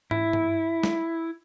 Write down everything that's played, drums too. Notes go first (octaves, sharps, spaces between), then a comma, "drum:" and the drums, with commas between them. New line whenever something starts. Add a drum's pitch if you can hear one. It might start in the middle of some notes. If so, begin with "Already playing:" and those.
E4, drum: tom
drum: tom G2
drum: snare